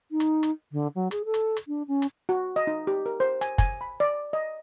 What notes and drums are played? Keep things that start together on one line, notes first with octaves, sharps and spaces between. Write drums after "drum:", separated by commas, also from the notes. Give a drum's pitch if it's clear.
D#4
drum: hi-hat
drum: hi-hat
D3
F#3
G#4, drum: hi-hat
A4
drum: hi-hat
drum: hi-hat
D4
C#4
drum: hi-hat
F#4
D#5
D#4
G4
A#4
C5
G#5, drum: hi-hat
G#5, drum: kick, hi-hat
B5
D5
D#5